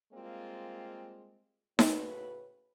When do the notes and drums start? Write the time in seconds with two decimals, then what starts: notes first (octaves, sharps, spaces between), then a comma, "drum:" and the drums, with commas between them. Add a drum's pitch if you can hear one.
0.13 G3 G#3 A#3 C4 F4
1.79 A2 C#3 F#4 B4, drum: snare D#4